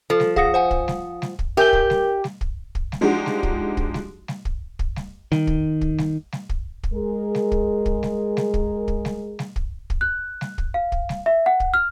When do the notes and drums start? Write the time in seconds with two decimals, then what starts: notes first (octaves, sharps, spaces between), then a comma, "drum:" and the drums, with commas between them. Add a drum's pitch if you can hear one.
0.10 F3 A4
0.20 drum: snare G3
0.36 G#4 F5 F#5 D#6 A#6 C#7, drum: kick
0.54 C5 F#5 G#5
0.71 drum: kick
0.88 drum: snare G3
1.22 drum: snare G3
1.39 drum: kick
1.57 G4 A#4 E5 G#5 G6 G7
1.73 drum: kick
1.90 drum: snare G3
2.24 drum: snare G3
2.41 drum: kick
2.75 drum: kick
2.92 drum: snare G3
3.01 F3 G#3 D4 D#4 F#4 G4
3.26 drum: snare G3
3.43 drum: kick
3.77 drum: kick
3.94 drum: snare G3
4.28 drum: snare G3
4.45 drum: kick
4.79 drum: kick
4.96 drum: snare G3
5.32 D#3, drum: snare G3
5.47 drum: kick
5.81 drum: kick
5.98 drum: snare G3
6.32 drum: snare G3
6.49 drum: kick
6.84 drum: kick
6.93 G#3 G#4 A#4
7.35 drum: snare G3
7.52 drum: kick
7.86 drum: kick
8.03 drum: snare G3
8.37 drum: snare G3
8.54 drum: kick
8.88 drum: kick
9.05 drum: snare G3
9.39 drum: snare G3
9.56 drum: kick
9.90 drum: kick
10.01 F#6
10.41 drum: snare G3
10.58 drum: kick
10.74 F5
10.92 drum: kick
11.09 drum: snare G3
11.26 E5
11.46 F#5
11.60 drum: kick
11.74 F6